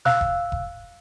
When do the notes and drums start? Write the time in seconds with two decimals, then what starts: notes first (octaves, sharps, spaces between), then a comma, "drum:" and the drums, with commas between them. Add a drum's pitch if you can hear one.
0.05 F5 E6 F#6, drum: snare
0.21 drum: kick F1
0.52 drum: kick F1